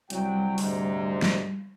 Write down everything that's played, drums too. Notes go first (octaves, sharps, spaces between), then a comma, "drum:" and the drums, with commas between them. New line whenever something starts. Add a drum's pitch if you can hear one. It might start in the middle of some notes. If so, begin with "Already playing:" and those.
C2 F#3 G3 G5, drum: hi-hat
D2 G#2 C3, drum: open hi-hat
drum: snare